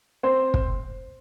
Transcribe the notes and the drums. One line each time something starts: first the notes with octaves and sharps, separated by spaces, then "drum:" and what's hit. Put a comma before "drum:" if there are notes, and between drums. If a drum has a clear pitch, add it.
C4 C5
drum: kick